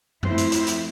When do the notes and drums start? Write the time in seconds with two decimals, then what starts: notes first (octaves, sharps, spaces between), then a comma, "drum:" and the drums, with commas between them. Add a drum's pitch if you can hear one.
0.23 F3 A3 C4 E4 C5, drum: tom F#2
0.38 drum: hi-hat
0.52 C5, drum: hi-hat
0.67 drum: hi-hat